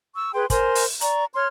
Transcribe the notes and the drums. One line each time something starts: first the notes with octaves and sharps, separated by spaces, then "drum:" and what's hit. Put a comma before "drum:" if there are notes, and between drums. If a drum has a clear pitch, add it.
C#6 E6
G#4 B4 G5 C6
A#4 C5 G#5 C6, drum: kick, hi-hat
drum: open hi-hat
D5 A#5 C#6, drum: hi-hat
C#5 C6 F6